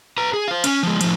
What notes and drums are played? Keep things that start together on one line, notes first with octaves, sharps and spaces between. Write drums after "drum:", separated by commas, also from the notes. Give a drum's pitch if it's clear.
B4 A#5
G#4
C5 F5
C#4, drum: cymbal
F3 G#3
A2 F3, drum: cymbal